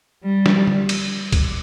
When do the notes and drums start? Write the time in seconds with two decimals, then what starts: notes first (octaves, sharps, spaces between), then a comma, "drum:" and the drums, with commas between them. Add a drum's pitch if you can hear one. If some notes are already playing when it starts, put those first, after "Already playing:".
0.24 G3
0.46 drum: snare
0.67 drum: tom
0.89 drum: cymbal
1.32 drum: kick C#2, cymbal